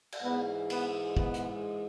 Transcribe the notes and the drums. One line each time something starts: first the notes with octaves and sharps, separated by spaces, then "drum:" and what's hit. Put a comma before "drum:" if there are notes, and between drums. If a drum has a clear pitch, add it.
drum: cymbal
G#2 E3 G#3 B3
B3, drum: cymbal
B3, drum: kick
drum: hi-hat